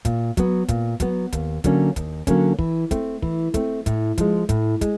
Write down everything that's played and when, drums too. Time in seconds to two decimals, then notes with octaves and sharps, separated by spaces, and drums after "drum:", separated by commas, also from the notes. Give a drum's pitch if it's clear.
0.05 A#2, drum: kick, hi-hat
0.37 F#3 B3, drum: kick, hi-hat
0.68 A#2, drum: kick, hi-hat
1.00 F#3 B3, drum: kick, hi-hat
1.32 D#2, drum: kick, hi-hat
1.64 D3 F#3 A#3 C#4, drum: kick, hi-hat
1.96 D#2, drum: kick, hi-hat
2.27 D3 F#3 A#3 C#4, drum: kick, hi-hat
2.59 E3, drum: kick
2.91 A3 C4, drum: kick, hi-hat
3.22 E3, drum: kick
3.54 A3 C4, drum: kick, hi-hat
3.86 A2, drum: kick, hi-hat
4.18 F3 G#3, drum: kick, hi-hat
4.49 A2, drum: kick, hi-hat
4.81 G#3, drum: kick, hi-hat